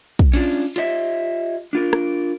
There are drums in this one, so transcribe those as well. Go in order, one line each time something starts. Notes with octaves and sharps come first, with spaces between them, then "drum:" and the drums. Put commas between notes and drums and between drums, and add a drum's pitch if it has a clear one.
drum: kick
C#4 D4 F4, drum: cymbal
F4 G4 C#5 D#5 E5, drum: hi-hat
D4 F4 A#4
drum: rim click